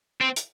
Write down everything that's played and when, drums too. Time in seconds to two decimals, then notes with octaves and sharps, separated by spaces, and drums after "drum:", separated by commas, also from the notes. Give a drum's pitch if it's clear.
0.21 C4
0.36 drum: hi-hat